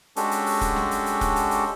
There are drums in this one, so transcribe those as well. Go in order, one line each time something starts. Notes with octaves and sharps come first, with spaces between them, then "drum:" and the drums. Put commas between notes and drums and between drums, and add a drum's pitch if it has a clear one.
G#3 C#4 D4 F#4 G4 A4, drum: hi-hat
drum: hi-hat
drum: open hi-hat
drum: kick, hi-hat
drum: snare
drum: hi-hat
drum: hi-hat
drum: kick, hi-hat
drum: hi-hat
drum: hi-hat